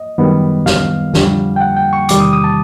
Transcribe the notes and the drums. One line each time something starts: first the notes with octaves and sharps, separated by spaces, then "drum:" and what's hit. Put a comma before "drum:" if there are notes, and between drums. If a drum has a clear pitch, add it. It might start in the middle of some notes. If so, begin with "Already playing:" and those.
Already playing: D#5
F#2 D#3 G3 B3
F5, drum: snare
F2 D3 G3, drum: snare
G5
F#5
G5
C#6
E2 C3 D#3 G3 D6, drum: hi-hat
D#6
D#6
A5